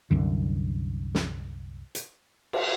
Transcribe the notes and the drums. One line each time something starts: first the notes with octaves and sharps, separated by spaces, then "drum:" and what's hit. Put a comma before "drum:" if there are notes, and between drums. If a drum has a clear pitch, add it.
C2 F#2 D3
drum: snare
drum: hi-hat
drum: cymbal